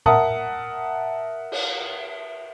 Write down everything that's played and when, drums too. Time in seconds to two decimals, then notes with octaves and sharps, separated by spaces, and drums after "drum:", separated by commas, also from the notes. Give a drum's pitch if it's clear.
0.06 A#4 E5 F#5 A5 D#6, drum: tom A#2
1.51 drum: cymbal